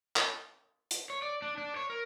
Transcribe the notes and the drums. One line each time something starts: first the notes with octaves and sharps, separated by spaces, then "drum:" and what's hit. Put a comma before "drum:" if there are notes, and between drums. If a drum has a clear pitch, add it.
drum: clap
drum: hi-hat
C#5
D5
D4
D4
C#5
A#4